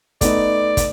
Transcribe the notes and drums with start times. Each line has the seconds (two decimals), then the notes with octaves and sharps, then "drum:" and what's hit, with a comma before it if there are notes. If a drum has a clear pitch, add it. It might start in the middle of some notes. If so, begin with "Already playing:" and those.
0.21 A3 B3 D#4 D5, drum: kick, hi-hat
0.77 drum: kick, hi-hat